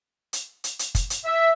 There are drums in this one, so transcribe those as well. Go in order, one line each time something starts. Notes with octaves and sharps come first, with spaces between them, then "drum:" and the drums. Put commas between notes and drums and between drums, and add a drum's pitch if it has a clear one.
drum: hi-hat
drum: hi-hat
drum: hi-hat
drum: kick, hi-hat
drum: hi-hat
E5